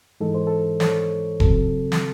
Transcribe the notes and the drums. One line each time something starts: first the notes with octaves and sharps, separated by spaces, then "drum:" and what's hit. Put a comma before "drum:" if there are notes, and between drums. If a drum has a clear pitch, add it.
G#2 E3 G#3 D#4 A4
C5
A4
A4 C#5, drum: snare
C#3 F#3 C4 A4, drum: kick E1
drum: snare